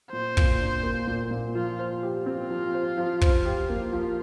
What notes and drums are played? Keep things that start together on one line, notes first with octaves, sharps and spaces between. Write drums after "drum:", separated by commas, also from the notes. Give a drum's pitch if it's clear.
A#2 C5
A#2, drum: kick
D4
A#3
A#2
A#2
F3 F4
C5
G4
C4 F4
F3
C5
F3
C5, drum: kick
G4
A#3
F3